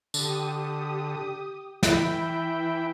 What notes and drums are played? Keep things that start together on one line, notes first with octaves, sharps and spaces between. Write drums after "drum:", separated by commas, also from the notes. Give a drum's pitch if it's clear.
D3 G4 D#6, drum: tambourine
E3 E4 G5, drum: snare